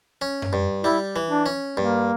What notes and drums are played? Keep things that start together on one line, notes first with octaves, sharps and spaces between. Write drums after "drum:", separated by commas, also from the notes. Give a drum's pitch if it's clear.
C#4
drum: tom F#2
G2
G3 E4
E3
D4
C#4
G2 A#3